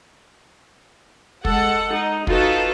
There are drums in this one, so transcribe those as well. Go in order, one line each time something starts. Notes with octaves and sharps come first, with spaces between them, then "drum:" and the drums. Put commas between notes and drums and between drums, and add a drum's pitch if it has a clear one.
G#3 A4 F#5, drum: kick
D#4
D#4 F4 F#4 A4 B4, drum: kick